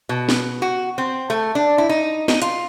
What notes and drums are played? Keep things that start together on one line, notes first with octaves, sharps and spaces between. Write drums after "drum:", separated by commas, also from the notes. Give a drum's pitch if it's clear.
B2
drum: snare
F#4
C4
A3
D4
E4
D#4
D#4, drum: snare
F4, drum: hi-hat